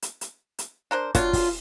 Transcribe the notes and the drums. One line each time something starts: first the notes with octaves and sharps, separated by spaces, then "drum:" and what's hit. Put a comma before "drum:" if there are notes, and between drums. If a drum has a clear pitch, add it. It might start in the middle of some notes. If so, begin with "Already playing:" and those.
drum: hi-hat
drum: hi-hat
drum: hi-hat
D4 A#4 C5
F#3 D4 F4, drum: kick, hi-hat
drum: kick, open hi-hat